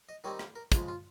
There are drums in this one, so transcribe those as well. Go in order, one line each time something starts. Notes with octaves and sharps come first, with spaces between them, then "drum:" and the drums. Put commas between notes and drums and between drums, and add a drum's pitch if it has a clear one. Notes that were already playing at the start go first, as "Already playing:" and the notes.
D#5
D#3 G3 C4 D#4 C#5
F5, drum: rim click
A#4
C#3 F3 G#3 G#4, drum: kick, hi-hat
F4